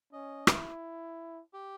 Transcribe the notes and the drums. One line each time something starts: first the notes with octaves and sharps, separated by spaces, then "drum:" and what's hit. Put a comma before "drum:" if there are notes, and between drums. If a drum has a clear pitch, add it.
C#4 D#5
E4, drum: rim click
G4